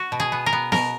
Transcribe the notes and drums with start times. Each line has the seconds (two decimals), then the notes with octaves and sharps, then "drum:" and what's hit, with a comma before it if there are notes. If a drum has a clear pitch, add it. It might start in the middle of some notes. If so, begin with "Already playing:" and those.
Already playing: F#4
0.12 B2
0.20 G#4
0.32 B3
0.46 A#4
0.53 B3
0.72 B2 A#4, drum: snare B3